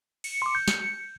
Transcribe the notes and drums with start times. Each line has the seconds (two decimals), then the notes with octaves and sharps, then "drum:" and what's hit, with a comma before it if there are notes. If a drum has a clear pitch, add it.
0.24 C#7, drum: cymbal
0.42 C6 D6
0.55 G6
0.68 drum: snare